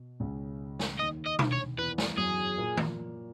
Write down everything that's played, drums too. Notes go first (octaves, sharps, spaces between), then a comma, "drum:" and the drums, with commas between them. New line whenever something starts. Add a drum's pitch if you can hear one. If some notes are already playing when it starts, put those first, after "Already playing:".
Already playing: B2
C#2 C#3
drum: snare
D#2 D#3 D#5
D#5
drum: tom B2
C#5
E2 E3 B4
drum: snare
F#2 F#3 G#4
A#2 A#3
drum: tom D#3